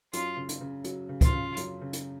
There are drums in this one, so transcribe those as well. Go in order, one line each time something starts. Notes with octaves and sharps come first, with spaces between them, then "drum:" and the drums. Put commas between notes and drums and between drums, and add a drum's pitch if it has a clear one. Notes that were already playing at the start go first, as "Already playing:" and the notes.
F#2 F4, drum: hi-hat
C#3
drum: hi-hat
C#3
F#3, drum: hi-hat
C#3
F4, drum: kick C#2, hi-hat
C#3
F#2, drum: hi-hat
C#3
drum: hi-hat